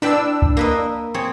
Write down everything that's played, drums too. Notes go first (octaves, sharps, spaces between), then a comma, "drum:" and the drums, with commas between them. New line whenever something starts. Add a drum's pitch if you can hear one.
D4 E4 B4 G5 E6
drum: kick C#2
A#3 B4 D#5
C4 G#4 C#5